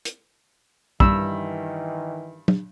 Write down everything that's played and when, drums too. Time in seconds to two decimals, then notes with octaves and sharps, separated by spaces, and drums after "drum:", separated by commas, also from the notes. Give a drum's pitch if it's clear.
0.05 drum: hi-hat
1.00 G2 D#3 E3 E6, drum: kick
2.48 drum: tom